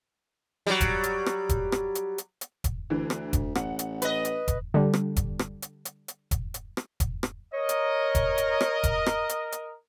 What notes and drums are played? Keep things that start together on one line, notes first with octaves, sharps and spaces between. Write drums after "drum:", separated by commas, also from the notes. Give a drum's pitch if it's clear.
F#3 G3
drum: kick E1, hi-hat
drum: hi-hat
drum: rim click
drum: kick E1, hi-hat
drum: rim click
drum: hi-hat
drum: hi-hat
drum: hi-hat
drum: kick E1, hi-hat
D2 D3 E3
drum: rim click
drum: kick E1, hi-hat
A1 F#5, drum: rim click
drum: hi-hat
B4 D#5, drum: hi-hat
drum: hi-hat
drum: kick E1, hi-hat
D3 G3
drum: rim click
drum: kick E1, hi-hat
drum: rim click
drum: hi-hat
drum: hi-hat
drum: hi-hat
drum: kick E1, hi-hat
drum: hi-hat
drum: rim click
drum: kick E1, hi-hat
drum: rim click
A#4 C#5 D#5
drum: hi-hat
drum: kick E1, hi-hat
drum: hi-hat
drum: rim click
drum: kick E1, hi-hat
drum: rim click
drum: hi-hat
drum: hi-hat